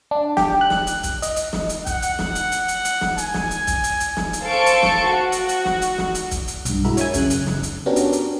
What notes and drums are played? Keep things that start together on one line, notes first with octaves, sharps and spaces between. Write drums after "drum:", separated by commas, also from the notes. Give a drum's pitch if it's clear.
D4
G4, drum: snare
F#6
drum: snare
drum: hi-hat
drum: kick, hi-hat
D#5, drum: hi-hat
drum: hi-hat
drum: snare
drum: hi-hat
F#5, drum: kick, hi-hat
drum: hi-hat
drum: snare
drum: hi-hat
drum: hi-hat
drum: hi-hat
drum: hi-hat
drum: snare
G#5, drum: hi-hat
drum: snare
drum: hi-hat
drum: kick, hi-hat
drum: hi-hat
drum: hi-hat
drum: snare
drum: hi-hat
A4 C5 F5 A5 C#6 D7
drum: hi-hat
drum: snare
F#4
drum: hi-hat
drum: hi-hat
drum: snare
drum: hi-hat
drum: snare
drum: hi-hat
drum: kick, hi-hat
drum: hi-hat
B1 G2, drum: hi-hat
G#3 E4 F#4 A#4 E5
C#5 E5 G#5, drum: hi-hat
F#2 C#3 F#6, drum: kick, hi-hat
drum: hi-hat
drum: snare
drum: hi-hat
B3 C#4 D4 F#4 G4 A#4
drum: hi-hat
drum: hi-hat